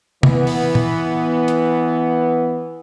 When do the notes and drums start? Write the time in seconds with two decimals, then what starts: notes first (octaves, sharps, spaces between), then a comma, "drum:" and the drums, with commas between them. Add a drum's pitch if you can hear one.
0.23 E3 B3, drum: tom C3
0.47 drum: open hi-hat
0.75 drum: tom
1.48 drum: hi-hat